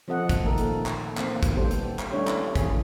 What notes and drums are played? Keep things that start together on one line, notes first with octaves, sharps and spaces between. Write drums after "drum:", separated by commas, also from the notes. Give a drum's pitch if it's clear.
F3 C4 A4 D#5 F#5
drum: kick, hi-hat
A#2 D#3 A3 A#3 A4 A#4
drum: hi-hat
drum: clap
D#3 A#3 C4, drum: clap
drum: kick, hi-hat
G3 B3 G4 A4 C5
drum: hi-hat
drum: clap
G3 A3 C#4 D4 E4 C#5
drum: clap
E3 G#4, drum: kick, hi-hat